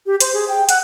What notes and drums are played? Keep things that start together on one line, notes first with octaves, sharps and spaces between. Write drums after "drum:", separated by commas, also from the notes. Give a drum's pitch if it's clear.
G4
C5, drum: hi-hat
G#4
G5
F#5, drum: hi-hat